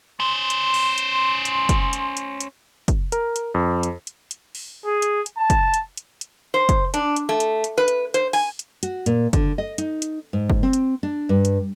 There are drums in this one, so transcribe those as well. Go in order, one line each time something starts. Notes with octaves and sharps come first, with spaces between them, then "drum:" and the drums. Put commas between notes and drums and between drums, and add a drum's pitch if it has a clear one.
C#4 C5 C6
drum: hi-hat
drum: open hi-hat
drum: hi-hat
drum: hi-hat
drum: kick, hi-hat
drum: hi-hat
drum: hi-hat
drum: hi-hat
drum: kick, hi-hat
A#4, drum: hi-hat
drum: hi-hat
F2
drum: hi-hat
drum: hi-hat
drum: hi-hat
drum: open hi-hat
G#4
drum: hi-hat
drum: hi-hat
A5
drum: kick, hi-hat
drum: hi-hat
drum: hi-hat
drum: hi-hat
C5
drum: kick, hi-hat
D4, drum: hi-hat
drum: hi-hat
A3
drum: hi-hat
drum: hi-hat
B4
drum: hi-hat
C5, drum: hi-hat
G#5, drum: open hi-hat
drum: hi-hat
F#4, drum: hi-hat
A#2, drum: hi-hat
D3, drum: kick, hi-hat
D#5
D#4, drum: hi-hat
drum: hi-hat
G#2
drum: kick
C4
drum: hi-hat
D4
G2
drum: hi-hat